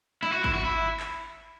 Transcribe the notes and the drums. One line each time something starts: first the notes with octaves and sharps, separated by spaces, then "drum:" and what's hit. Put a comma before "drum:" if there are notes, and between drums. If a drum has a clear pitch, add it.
E4, drum: snare
F#4
E4, drum: kick
F#4
E4
drum: clap